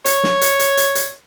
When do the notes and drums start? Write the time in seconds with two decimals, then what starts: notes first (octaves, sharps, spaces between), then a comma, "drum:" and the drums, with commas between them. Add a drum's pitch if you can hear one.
0.06 C#5, drum: hi-hat
0.23 drum: snare
0.41 drum: hi-hat
0.59 drum: hi-hat
0.77 drum: hi-hat
0.95 drum: hi-hat